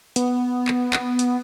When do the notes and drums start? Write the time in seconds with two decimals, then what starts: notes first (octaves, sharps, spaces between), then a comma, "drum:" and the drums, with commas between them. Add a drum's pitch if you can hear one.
0.16 B3, drum: hi-hat
0.68 drum: clap
0.93 drum: clap
1.19 drum: hi-hat